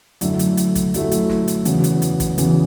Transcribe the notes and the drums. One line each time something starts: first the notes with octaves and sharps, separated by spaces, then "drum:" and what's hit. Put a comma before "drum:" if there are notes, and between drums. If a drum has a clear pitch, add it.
F#2 D3 F#3 A3 E4, drum: hi-hat
drum: hi-hat
drum: hi-hat
drum: kick, hi-hat
F#2 D3 F#3 A3 E4, drum: hi-hat
drum: hi-hat
drum: snare
drum: hi-hat
E2 C#3 E3 B3 F#4, drum: hi-hat
drum: hi-hat
drum: hi-hat
drum: kick, hi-hat
E2 C#3 E3 B3 F#4, drum: hi-hat